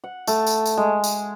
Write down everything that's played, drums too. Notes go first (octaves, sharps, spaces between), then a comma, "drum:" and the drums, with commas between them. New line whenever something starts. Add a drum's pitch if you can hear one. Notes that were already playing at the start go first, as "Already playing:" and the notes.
F#5
A3, drum: tambourine
drum: tambourine
drum: tambourine
G#3
drum: tambourine